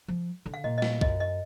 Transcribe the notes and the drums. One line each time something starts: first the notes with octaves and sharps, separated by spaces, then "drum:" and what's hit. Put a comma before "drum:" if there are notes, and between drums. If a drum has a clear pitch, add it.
F3
D3
F5
A#2 D#5
D#5
F5, drum: snare
F#2 D#5, drum: kick
D#5